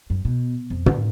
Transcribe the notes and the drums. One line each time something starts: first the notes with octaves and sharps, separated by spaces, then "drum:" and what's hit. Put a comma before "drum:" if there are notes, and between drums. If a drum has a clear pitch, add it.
F#2
B2
F2
D3, drum: tom